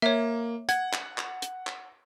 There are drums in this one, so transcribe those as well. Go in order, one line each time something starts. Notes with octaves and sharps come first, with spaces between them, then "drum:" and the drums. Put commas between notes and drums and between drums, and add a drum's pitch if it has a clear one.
A#3 C#5 E5
F#5 G#6, drum: hi-hat
drum: clap
drum: clap
drum: hi-hat
drum: clap